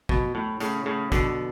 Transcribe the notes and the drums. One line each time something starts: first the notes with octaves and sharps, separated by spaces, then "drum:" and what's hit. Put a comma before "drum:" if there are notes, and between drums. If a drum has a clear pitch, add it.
B2, drum: kick G#1
A2
A2 C#3, drum: hi-hat
A2 C#3
B2 D3, drum: kick G#1, hi-hat